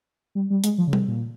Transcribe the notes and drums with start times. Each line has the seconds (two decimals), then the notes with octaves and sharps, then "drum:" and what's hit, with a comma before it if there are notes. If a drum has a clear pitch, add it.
0.35 G3
0.50 G3
0.64 G#3, drum: hi-hat
0.78 F3
0.87 C#3
0.93 C3, drum: tom G3
1.08 A#2